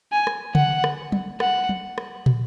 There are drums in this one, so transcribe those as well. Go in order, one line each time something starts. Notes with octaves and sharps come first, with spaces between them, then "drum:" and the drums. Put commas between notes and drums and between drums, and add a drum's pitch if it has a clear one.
G#5
drum: rim click
F#5, drum: tom C#3
drum: rim click
drum: tom F#3
F#5, drum: rim click
drum: tom F#3
drum: rim click
drum: tom